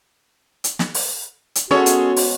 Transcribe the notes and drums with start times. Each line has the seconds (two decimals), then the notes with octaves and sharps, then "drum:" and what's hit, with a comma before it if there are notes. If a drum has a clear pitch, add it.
0.64 drum: hi-hat
0.79 drum: snare
0.94 drum: open hi-hat
1.55 drum: hi-hat
1.71 B2 G#3 C#4 F#4 G#4 A4 C#5
1.86 drum: hi-hat
2.16 drum: open hi-hat